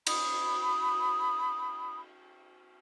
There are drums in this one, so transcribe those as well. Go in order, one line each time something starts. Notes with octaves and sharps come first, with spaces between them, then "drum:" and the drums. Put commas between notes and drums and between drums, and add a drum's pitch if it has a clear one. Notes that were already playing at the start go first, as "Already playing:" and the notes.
B5 D#6, drum: cymbal